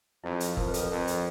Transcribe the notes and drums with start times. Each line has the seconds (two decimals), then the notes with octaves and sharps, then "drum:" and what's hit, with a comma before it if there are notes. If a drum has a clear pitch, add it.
0.24 F2 E4
0.40 drum: hi-hat
0.57 F2 A#4, drum: kick
0.68 B4
0.74 A4, drum: hi-hat
0.79 A#4
0.91 F2
1.07 drum: hi-hat